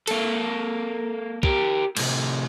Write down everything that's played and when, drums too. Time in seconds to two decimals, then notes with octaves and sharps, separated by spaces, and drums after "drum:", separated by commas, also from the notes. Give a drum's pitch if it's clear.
0.07 A#3 A4, drum: cymbal
1.43 G4 A#4, drum: kick
1.97 A2 C3, drum: cymbal